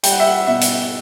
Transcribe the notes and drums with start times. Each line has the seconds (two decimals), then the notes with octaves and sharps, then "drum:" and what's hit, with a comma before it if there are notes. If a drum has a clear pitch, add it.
0.03 G3 G5, drum: hi-hat
0.11 F#5
0.20 E5
0.27 F#5
0.47 B2 E5
0.61 drum: hi-hat